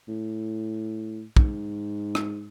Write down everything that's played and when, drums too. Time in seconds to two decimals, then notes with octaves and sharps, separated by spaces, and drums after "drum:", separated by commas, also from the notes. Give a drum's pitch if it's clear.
0.08 A2
1.37 G#2, drum: kick
2.15 drum: rim click